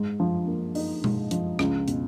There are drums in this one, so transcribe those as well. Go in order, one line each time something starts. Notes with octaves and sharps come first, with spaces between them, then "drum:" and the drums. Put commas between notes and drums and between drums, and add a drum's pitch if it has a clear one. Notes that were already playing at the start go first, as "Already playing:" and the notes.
Already playing: G#2
F3
A#3
D#4, drum: open hi-hat
G#2, drum: tom B2
F3, drum: hi-hat
C#2, drum: rim click
B2, drum: hi-hat